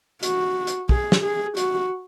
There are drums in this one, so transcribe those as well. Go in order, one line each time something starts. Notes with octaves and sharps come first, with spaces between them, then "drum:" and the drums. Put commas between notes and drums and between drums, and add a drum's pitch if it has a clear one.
F#4, drum: hi-hat
drum: hi-hat
G#4, drum: kick
drum: snare
G#4
F#4, drum: hi-hat